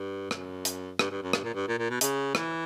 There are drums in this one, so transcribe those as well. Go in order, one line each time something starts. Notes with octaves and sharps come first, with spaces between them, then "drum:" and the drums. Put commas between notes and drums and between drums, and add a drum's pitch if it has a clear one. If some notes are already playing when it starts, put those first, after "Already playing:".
Already playing: G2
F#2, drum: rim click
drum: hi-hat
G2, drum: rim click
G2
F#2
G2, drum: rim click
A#2
G2
A#2
A#2
B2
C#3, drum: hi-hat
E3, drum: rim click